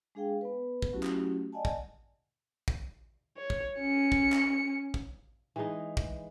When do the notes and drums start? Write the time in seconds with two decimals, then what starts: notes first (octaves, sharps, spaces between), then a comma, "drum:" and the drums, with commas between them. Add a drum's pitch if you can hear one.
0.15 G#3 D4 G#4 F5 G5
0.41 B3 B4
0.82 drum: kick
0.93 F#3 A3 C#4 E4 F#4 G4
1.03 drum: clap
1.53 D5 D#5 F#5 G#5 A5
1.65 drum: kick
2.68 drum: kick
3.37 C#5
3.50 drum: kick
3.79 C#4 C#7
4.12 drum: kick
4.32 drum: clap
4.94 drum: kick
5.56 E3 G#3 D#4
5.97 drum: kick